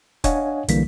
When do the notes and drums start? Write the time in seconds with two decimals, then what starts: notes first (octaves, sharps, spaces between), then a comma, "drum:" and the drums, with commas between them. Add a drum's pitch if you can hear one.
0.24 D4 C#5 D#5 F5 F#5 G#5, drum: kick, hi-hat
0.68 B1 D3 E3 G3 A#3 B6, drum: hi-hat